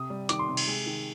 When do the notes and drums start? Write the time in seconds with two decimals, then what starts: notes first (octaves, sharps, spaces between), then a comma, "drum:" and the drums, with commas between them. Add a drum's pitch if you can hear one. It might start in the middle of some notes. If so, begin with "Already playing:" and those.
Already playing: C3 D#6
0.10 G3
0.29 D#3 D6, drum: hi-hat
0.39 C6
0.48 C3
0.57 drum: cymbal
0.67 G#3
0.86 D#3